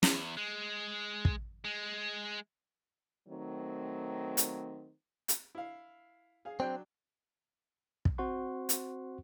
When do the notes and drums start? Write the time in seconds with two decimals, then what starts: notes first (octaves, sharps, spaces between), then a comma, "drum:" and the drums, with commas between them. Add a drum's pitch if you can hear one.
0.03 E2, drum: snare
0.37 G#3
1.25 drum: kick
1.65 G#3
3.29 D#3 F#3 A3 C4
4.37 drum: hi-hat
5.28 drum: hi-hat
5.55 E4 F5
6.45 G#4 F5
6.60 F#3 C4 D4 G5
8.05 drum: kick
8.18 C4 F#4 C5 F#5 C6 C#6
8.69 drum: hi-hat